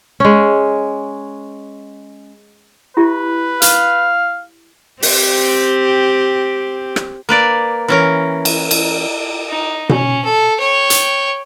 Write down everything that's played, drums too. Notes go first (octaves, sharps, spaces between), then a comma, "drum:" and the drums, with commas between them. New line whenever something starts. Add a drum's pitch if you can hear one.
G#3 C#4
E4 G4 B4 E5
F5, drum: hi-hat
C4 G4, drum: open hi-hat
drum: rim click
A#3 B4 D5
E3 C#4 A#4
drum: cymbal
drum: cymbal
D#4
C#4, drum: tom B2
A4
C#5 G5
drum: hi-hat